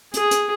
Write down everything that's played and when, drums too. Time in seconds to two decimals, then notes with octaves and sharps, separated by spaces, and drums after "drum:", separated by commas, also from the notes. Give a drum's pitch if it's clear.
0.14 G#4, drum: hi-hat
0.31 drum: hi-hat